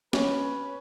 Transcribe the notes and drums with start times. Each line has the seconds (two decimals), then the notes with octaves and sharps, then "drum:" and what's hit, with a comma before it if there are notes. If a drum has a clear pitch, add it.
0.13 C#4 B4, drum: snare